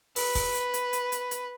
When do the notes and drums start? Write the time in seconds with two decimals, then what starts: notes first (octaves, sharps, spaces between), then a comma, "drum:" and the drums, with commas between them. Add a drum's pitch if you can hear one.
0.16 B4, drum: open hi-hat
0.35 drum: kick, open hi-hat
0.54 drum: hi-hat
0.74 drum: hi-hat
0.93 drum: hi-hat
1.12 drum: hi-hat
1.31 drum: hi-hat